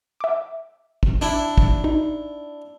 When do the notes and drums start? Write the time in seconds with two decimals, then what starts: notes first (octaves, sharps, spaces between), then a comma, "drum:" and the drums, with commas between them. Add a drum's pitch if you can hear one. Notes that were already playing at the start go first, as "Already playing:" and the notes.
0.21 E5 D6
1.03 drum: kick
1.21 D4 E4
1.58 drum: kick
1.84 D#4